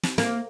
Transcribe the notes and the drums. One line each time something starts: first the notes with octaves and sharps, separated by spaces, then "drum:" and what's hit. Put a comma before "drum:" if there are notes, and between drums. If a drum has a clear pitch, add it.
drum: snare
A#3, drum: snare